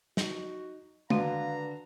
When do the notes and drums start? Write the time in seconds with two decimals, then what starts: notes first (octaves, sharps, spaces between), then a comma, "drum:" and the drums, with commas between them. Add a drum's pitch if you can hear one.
0.17 D#4 F#4, drum: snare
1.10 D3 D#3 D4 F#4 B4 F5 A#5, drum: tom G#3